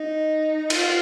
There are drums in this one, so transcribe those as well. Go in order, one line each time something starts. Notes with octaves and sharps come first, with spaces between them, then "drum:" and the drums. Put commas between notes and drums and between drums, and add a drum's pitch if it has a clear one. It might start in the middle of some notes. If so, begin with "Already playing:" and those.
Already playing: D#4
F4, drum: cymbal